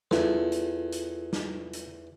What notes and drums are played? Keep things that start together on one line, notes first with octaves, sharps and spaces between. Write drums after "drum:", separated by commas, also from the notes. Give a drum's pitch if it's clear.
E2 F4 A4, drum: snare
drum: hi-hat
drum: hi-hat
drum: snare
drum: hi-hat